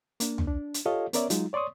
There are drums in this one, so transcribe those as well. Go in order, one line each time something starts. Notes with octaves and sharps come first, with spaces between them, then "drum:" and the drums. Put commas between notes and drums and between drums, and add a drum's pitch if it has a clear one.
A#3 D4, drum: hi-hat
drum: tom
D4
drum: hi-hat
F4 G4 A4 C#5 D#5 F5
B3 C#4 A#4 C#5 D5 E5, drum: hi-hat
F#3 G#3 D#4 F4, drum: hi-hat
C#5 D5 C6 C#6 D#6